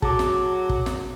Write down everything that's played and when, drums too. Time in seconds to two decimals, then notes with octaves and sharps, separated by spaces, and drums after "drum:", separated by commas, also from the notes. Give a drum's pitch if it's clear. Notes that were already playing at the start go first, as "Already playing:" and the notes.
0.02 F#3 G#4 A5 D6, drum: kick
0.19 drum: snare
0.69 drum: kick
0.86 drum: snare